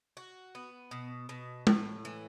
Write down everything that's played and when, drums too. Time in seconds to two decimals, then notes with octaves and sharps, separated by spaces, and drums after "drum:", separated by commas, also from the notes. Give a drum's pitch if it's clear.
0.17 F#4
0.55 B3
0.91 B2
1.29 B2
1.67 A2, drum: tom
2.05 E3